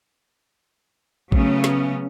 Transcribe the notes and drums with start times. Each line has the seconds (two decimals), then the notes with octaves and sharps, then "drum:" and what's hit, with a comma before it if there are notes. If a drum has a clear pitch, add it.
1.32 C#3 F#3 A3 B3 C#4, drum: kick
1.64 drum: snare